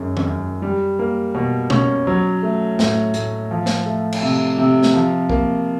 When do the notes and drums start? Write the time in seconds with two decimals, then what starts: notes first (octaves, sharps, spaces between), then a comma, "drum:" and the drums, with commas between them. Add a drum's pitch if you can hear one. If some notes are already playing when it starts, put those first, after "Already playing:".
Already playing: F#2 D#3 G#3
0.17 drum: tom D#3
0.27 F#2
0.62 G3
0.99 A#3
1.35 B2
1.70 C#4, drum: tom B2
2.07 F#3
2.42 A3
2.79 A2, drum: snare
3.14 A2, drum: hi-hat
3.51 F3
3.66 drum: snare
3.86 A3
4.12 drum: cymbal
4.22 C3
4.58 C3
4.83 drum: snare
4.94 F3
5.30 A#3, drum: kick